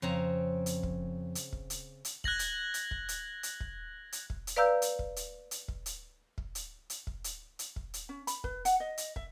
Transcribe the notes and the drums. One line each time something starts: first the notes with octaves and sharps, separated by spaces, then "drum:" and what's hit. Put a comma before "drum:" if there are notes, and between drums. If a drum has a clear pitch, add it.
F2 C#3 C4 A#5
drum: hi-hat
drum: kick
drum: hi-hat
drum: kick
drum: hi-hat
drum: hi-hat
F#6 G#6 A#6 F#7, drum: kick
drum: hi-hat
drum: hi-hat
drum: kick
drum: hi-hat
drum: hi-hat
drum: kick
drum: hi-hat
drum: kick
drum: hi-hat
B4 D5 F5 A#5 E6 G6
drum: hi-hat
drum: kick
drum: hi-hat
drum: hi-hat
drum: kick
drum: hi-hat
drum: kick
drum: hi-hat
drum: hi-hat
drum: kick
drum: hi-hat
drum: hi-hat
drum: kick
drum: hi-hat
C#4
B5, drum: hi-hat
B4, drum: kick
F#5, drum: hi-hat
D#5
drum: hi-hat
E5, drum: kick